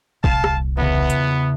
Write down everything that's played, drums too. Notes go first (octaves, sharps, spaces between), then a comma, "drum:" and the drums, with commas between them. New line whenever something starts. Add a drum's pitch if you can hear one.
D#1 C2 F5 A5, drum: kick
drum: rim click
E2 C#3 B3
drum: hi-hat